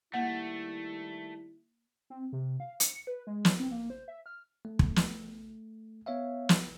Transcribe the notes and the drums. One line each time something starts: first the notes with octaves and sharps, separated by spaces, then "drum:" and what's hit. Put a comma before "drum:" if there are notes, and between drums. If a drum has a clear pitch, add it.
D#3 G3 A3 A#3 E4 F#5
C4
C3
F5
C#7, drum: hi-hat
B4
G#3
F#3, drum: snare
C4
A#3
C5
E5
F6
A3
drum: kick
drum: snare
B3 C#5 E5 F5
drum: snare